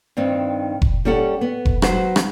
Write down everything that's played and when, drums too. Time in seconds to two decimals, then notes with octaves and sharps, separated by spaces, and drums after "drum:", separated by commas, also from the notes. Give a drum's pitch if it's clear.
0.17 G2 D#3 C4
0.82 drum: kick F1
1.05 G3 C#4 A4 F#5
1.41 B3
1.65 drum: kick F1
1.82 F#3 B4 C5, drum: rim click
2.16 drum: rim click